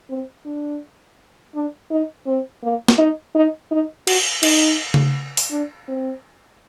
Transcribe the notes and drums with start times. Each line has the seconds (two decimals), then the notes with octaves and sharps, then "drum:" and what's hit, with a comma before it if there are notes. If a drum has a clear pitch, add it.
0.10 C4
0.46 D4
1.55 D4
1.91 D#4
2.27 C4
2.63 A#3
2.88 drum: snare
2.98 D#4
3.35 D#4
3.71 D#4
4.07 F#4, drum: cymbal
4.43 D#4, drum: cymbal
4.94 drum: tom C#3
5.37 drum: open hi-hat
5.51 D4
5.88 C4